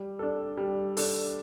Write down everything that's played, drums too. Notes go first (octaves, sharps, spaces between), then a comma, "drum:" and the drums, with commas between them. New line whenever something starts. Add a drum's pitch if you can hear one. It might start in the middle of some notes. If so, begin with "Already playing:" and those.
Already playing: G3
D4 A4
G3
D4 A4, drum: open hi-hat